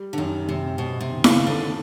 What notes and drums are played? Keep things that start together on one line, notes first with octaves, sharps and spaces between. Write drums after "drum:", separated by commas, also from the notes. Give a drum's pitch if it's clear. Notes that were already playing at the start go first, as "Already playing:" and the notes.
Already playing: G3
D3
F#2 D#3
F#2 C3
B2 C4
C3
D#3
C#3, drum: snare E4
D#3
D3